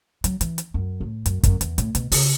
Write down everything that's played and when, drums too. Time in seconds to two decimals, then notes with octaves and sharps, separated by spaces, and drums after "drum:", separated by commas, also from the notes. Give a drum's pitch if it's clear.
0.24 F#3, drum: hi-hat
0.41 E3, drum: hi-hat
0.58 drum: hi-hat
0.74 F#2
1.01 A2
1.26 F#2, drum: hi-hat
1.44 F#2, drum: kick, hi-hat
1.61 E2, drum: hi-hat
1.78 A2, drum: hi-hat
1.95 B2, drum: hi-hat
2.12 C#3, drum: open hi-hat